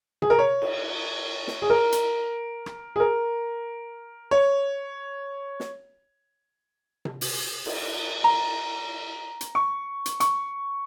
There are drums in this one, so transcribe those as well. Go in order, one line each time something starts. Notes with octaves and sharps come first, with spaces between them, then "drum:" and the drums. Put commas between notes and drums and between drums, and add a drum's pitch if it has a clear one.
G#4, drum: tom C3
A#4
C#5
drum: cymbal
drum: snare
G#4
A#4
drum: hi-hat
drum: rim click
G#4
A#4
C#5
drum: snare
drum: tom C3
drum: open hi-hat
drum: cymbal
A#5
drum: hi-hat
C#6
drum: hi-hat
C#6, drum: hi-hat